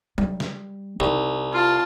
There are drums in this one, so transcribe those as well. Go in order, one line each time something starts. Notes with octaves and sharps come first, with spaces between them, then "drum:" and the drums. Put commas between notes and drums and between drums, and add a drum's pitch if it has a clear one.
G3, drum: tom F#3
drum: snare
C2 D#4
F4 A5